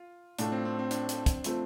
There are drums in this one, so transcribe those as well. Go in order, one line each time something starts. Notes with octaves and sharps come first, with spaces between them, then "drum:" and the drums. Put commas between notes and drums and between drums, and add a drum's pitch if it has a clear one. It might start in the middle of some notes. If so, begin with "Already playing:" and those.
Already playing: F4
A2 A3 D4 F4, drum: hi-hat
C4
C4
C4
D4, drum: hi-hat
drum: hi-hat
drum: kick, hi-hat
F3 A3 C4, drum: hi-hat